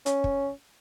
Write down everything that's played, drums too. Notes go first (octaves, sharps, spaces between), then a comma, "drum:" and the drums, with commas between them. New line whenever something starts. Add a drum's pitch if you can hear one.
C#4, drum: hi-hat
drum: kick